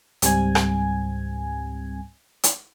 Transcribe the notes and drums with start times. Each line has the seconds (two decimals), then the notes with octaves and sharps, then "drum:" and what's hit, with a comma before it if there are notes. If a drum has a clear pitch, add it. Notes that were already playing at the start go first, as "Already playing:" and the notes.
0.22 C#2 G#2 G3 C4 G#5 G#6, drum: hi-hat
0.55 drum: rim click
2.43 drum: hi-hat